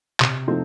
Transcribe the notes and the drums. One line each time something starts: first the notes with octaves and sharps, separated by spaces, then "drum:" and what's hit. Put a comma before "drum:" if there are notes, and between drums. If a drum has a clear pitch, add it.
C3, drum: clap
F3 A3 C4 D#4